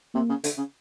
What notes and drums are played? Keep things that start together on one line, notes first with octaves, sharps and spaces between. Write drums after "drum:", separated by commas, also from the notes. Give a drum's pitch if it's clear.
C3 A#3
C#3
D3, drum: hi-hat
C#3